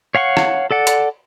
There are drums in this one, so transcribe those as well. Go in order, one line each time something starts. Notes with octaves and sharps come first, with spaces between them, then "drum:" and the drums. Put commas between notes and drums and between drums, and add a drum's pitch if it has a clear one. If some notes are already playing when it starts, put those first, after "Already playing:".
C#5 F5 F#5 C#6
drum: rim click
A4 D5 F#5
drum: hi-hat